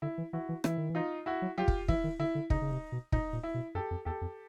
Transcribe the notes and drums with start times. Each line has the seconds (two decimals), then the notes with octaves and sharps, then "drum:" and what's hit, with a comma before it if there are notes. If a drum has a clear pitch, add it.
0.02 D3 E4
0.18 E3
0.33 E3 E4 F#4
0.49 E3
0.64 E3 E4, drum: rim click
0.77 D#3
0.90 E3
0.95 D#4 F4
1.26 E4 F#4
1.42 F#3
1.58 F#3 F4 G4
1.68 drum: kick
1.88 E3 E4, drum: kick
2.04 D#3
2.19 D3 E4
2.35 D3
2.50 C#3 D#4, drum: kick
2.61 C#3
2.72 C3
2.92 B2
3.12 A#2 D#4, drum: kick
3.33 A#2
3.43 E4
3.54 B2
3.75 F#2 G4 A4
3.91 F2
4.05 E2 G4 A4
4.21 F2